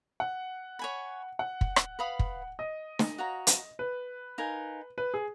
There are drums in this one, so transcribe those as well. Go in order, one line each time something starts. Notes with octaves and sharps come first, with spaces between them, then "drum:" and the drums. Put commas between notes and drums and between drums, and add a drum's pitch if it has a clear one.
F#5
C#5 G#5 B5
F#5
drum: kick
drum: rim click
B4 F5 B5 D#6
drum: kick
D#5
drum: snare
F#4 C#5 F5 A#5
drum: hi-hat
B4
D#4 A#4 F5 G#5
B4
G#4